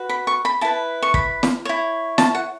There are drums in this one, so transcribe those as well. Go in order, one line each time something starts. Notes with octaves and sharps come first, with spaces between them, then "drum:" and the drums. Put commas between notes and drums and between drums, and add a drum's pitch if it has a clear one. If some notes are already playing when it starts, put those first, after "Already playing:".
Already playing: F#4 B4
B5
C#6
B5
E4 B4 A5
C#6
B5, drum: kick
drum: snare
E4 C#5
A5, drum: snare
F#5